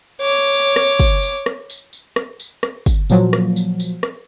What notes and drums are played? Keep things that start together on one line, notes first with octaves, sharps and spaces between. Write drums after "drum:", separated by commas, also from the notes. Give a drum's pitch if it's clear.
C#5 D6
drum: tambourine
drum: rim click
drum: kick, tambourine
drum: tambourine
drum: rim click
drum: tambourine
drum: tambourine
drum: rim click
drum: tambourine
drum: rim click
drum: kick, tambourine
A#2 F3 F#3, drum: tambourine
drum: rim click
drum: tambourine
drum: tambourine
drum: rim click